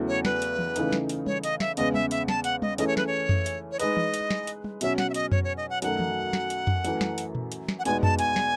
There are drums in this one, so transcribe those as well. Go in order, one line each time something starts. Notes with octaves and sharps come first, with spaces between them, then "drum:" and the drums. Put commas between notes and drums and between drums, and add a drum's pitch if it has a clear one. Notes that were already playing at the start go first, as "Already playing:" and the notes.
Already playing: E2 C#3 F#3 A3 E4
C#5
B4, drum: snare
drum: hi-hat
drum: tom E3
C#3 E3 A3 D#4, drum: hi-hat
drum: snare
drum: hi-hat
C#5, drum: tom G3
D#5, drum: hi-hat
E5, drum: snare
E2 C#3 G#3 B3 D#5, drum: hi-hat
E5, drum: tom G3
E5, drum: hi-hat
A5, drum: snare
F#5, drum: hi-hat
D#5, drum: tom G3
E3 A3 C#4 E4 G#4 D#5, drum: hi-hat
C#5
B4, drum: snare
C#5
drum: tom F2
drum: hi-hat
C#5
G#3 D#4 G#4 B4 D#5, drum: hi-hat
drum: tom E3
drum: hi-hat
drum: snare
drum: hi-hat
drum: tom G3
B2 F#3 C#4 E5, drum: hi-hat
F#5, drum: snare
E5
D#5, drum: hi-hat
C#5, drum: tom F2
C#5
D#5
F#5
F#2 D#3 F#3 A3 F#5, drum: hi-hat
drum: tom E3
drum: snare
drum: hi-hat
drum: tom F2
F#2 E3 A3, drum: hi-hat
drum: snare
drum: hi-hat
drum: tom A#2
drum: hi-hat
drum: snare
F#5
E2 B2 G#3 B3 D#4 G#5, drum: hi-hat
A5, drum: tom F2
G#5, drum: hi-hat
drum: snare